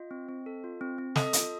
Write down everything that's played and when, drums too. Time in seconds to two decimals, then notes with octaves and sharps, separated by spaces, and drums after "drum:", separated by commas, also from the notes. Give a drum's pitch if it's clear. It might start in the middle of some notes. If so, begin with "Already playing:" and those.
Already playing: F4 D#5
0.11 C4
0.29 C4
0.46 A4
0.64 F4
0.81 C4
0.98 C4
1.16 A4 D#5 D#6, drum: snare
1.33 F4, drum: hi-hat